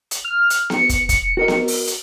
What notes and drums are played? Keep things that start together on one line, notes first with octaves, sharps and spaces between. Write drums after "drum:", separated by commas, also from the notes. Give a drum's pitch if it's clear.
drum: hi-hat
F6
drum: hi-hat
C#7, drum: snare B3
drum: kick, hi-hat
drum: kick, hi-hat
F#4 A#4 D#5
drum: snare B3
drum: open hi-hat
drum: hi-hat